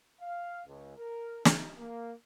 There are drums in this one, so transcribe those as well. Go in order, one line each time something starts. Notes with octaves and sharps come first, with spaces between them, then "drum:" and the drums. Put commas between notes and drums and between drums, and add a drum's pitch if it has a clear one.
F5
C#2
A#4
D#4, drum: snare
A#3